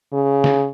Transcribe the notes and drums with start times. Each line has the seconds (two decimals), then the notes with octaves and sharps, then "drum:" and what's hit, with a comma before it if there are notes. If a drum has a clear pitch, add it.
0.13 C#3
0.44 drum: snare